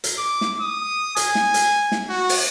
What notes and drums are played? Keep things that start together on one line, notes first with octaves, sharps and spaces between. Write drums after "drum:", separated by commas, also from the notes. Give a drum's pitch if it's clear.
drum: hi-hat
D6
drum: snare
D#6
G#5, drum: hi-hat
drum: snare
drum: hi-hat
drum: snare
F#4
drum: open hi-hat